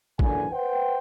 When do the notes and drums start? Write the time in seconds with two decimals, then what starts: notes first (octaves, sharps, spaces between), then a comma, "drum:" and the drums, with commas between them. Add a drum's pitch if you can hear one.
0.19 A#1 F#2 D3 E3 G#5, drum: kick
0.52 B4 C5 F#5 G5